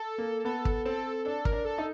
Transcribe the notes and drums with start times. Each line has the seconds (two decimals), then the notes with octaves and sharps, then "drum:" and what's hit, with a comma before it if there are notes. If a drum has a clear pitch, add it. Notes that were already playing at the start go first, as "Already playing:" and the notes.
Already playing: A4
0.18 A#3
0.45 B3 A4
0.65 drum: kick
0.85 C4 A4
1.25 D4 A4
1.45 A#4, drum: kick
1.52 D4
1.65 A4
1.78 D#4